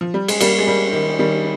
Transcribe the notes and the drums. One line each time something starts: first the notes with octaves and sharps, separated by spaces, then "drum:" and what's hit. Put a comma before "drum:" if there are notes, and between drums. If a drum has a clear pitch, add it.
F3
G3
G#3, drum: cymbal
G3 A#3, drum: cymbal
G#3
G3 A#3
D#3
D#3 G3